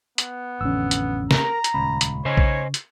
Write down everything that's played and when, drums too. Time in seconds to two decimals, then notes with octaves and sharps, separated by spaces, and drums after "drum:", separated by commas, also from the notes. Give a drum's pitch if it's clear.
0.18 B3, drum: hi-hat
0.61 A1 F2 D3 C#4 E6
0.91 drum: hi-hat
1.31 A#4 A#5, drum: snare
1.64 drum: hi-hat
1.74 D#1 C#2 C#4 B5
2.01 drum: hi-hat
2.25 C#3 C5 C#5 D#5 G#5
2.38 drum: kick A#1
2.74 drum: hi-hat